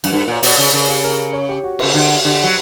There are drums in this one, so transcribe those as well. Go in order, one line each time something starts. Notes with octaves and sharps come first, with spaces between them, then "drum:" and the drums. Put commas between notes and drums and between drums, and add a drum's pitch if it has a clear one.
F#2, drum: cymbal
G2 A#4
A#2 C#5
B2 D5, drum: open hi-hat
C#5
C#3
C#3 A#4
G4
A#4
C#5
G4
F#4
C#3 A#4, drum: cymbal
D3 G4
D3 G4
F#3